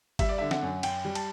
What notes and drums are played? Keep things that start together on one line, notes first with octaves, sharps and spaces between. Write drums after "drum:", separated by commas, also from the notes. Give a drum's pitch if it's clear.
G3 E5, drum: kick G1, cymbal
D5
D3 E5
F#5, drum: snare
F#2
F#2 G5, drum: cymbal
G3
A5, drum: cymbal